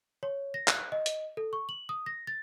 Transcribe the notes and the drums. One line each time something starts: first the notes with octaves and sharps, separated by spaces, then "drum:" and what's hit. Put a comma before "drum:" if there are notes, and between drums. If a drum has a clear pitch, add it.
C#5
A#6
F#6, drum: clap
D#5
drum: hi-hat
A4
C#6
F#7
D#6
A#6
A6